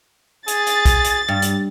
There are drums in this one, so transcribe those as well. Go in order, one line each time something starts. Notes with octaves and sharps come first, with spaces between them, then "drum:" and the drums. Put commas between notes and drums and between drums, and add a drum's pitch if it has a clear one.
G#4 A6, drum: hi-hat
drum: hi-hat
drum: kick B1, hi-hat
drum: hi-hat
G2
drum: hi-hat